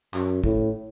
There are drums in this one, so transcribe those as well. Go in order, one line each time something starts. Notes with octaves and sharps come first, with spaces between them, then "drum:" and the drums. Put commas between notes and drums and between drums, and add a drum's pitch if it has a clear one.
F#2, drum: clap
A2, drum: kick